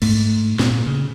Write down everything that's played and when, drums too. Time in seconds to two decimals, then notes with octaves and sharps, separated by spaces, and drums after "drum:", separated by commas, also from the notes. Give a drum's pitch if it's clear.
0.02 G#2 A3, drum: cymbal
0.59 A#2, drum: snare
0.86 C#3